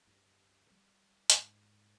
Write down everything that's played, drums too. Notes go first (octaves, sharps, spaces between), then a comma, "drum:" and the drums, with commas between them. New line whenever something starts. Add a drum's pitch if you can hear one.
G2
G3
G#2, drum: hi-hat